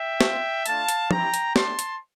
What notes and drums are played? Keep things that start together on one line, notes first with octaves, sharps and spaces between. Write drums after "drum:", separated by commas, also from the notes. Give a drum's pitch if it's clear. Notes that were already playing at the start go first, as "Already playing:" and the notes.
Already playing: E5 G5
C4 F4, drum: snare
A3 D4 F4 F5 A5, drum: hi-hat
drum: hi-hat
C4 E4 G4 G5 A#5, drum: tom
drum: hi-hat
A3 D4 G4 A5 C6, drum: snare
drum: hi-hat